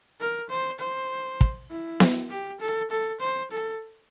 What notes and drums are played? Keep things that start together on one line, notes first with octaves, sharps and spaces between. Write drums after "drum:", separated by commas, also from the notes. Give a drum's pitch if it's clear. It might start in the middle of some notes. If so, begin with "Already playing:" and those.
A#4
C5
C5
drum: kick
E4
drum: snare B3
G4
A4
A4
C5
A4